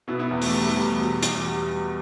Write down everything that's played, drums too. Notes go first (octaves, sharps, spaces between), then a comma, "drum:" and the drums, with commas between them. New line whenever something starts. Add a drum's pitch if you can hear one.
B2 B3 E4
B3 E4
E2
A3, drum: open hi-hat
G3
A3
G3
E2
B2
E2, drum: hi-hat
G3